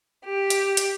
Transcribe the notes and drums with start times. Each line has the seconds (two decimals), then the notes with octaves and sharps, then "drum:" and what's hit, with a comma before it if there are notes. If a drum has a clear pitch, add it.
0.24 G4
0.50 drum: hi-hat
0.77 drum: hi-hat